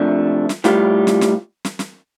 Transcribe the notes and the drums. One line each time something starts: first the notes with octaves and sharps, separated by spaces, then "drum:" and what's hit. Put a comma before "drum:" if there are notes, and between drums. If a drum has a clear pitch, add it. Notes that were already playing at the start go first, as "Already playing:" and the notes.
Already playing: C3 F3 A3 D4
drum: snare
A2 G3 F4, drum: snare
drum: snare
drum: snare
drum: snare
drum: snare